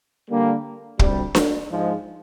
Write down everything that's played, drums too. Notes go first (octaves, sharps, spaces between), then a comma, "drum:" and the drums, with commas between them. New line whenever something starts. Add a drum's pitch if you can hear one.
D3 G3 A#3
D2 C3 G3, drum: kick
drum: snare D4
G#2 F3 G#3